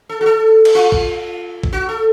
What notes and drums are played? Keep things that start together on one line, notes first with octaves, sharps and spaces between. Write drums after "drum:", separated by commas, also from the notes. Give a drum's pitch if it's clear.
A4
F#4
A4
drum: cymbal
F4
drum: kick A#1
drum: kick A#1
F#4
A4